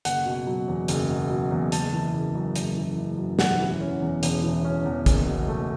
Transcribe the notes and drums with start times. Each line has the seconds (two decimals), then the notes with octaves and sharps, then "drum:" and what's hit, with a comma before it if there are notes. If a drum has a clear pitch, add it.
0.05 F#1 F#5, drum: hi-hat
0.26 B2
0.47 F#3
0.68 E2
0.88 F#1, drum: hi-hat
1.09 B2
1.30 F#3
1.51 E2
1.72 F#1 A5, drum: hi-hat
1.93 E3
2.13 F#1
2.35 F#2
2.56 F#1, drum: hi-hat
2.76 E3
2.98 F#1
3.18 F#2
3.39 E1 F#5, drum: snare
3.60 E3
3.81 C#4
4.01 E2
4.23 E1, drum: hi-hat
4.43 E3
4.65 C#4
4.85 E2
5.06 F#1, drum: kick, hi-hat
5.27 B2
5.48 A3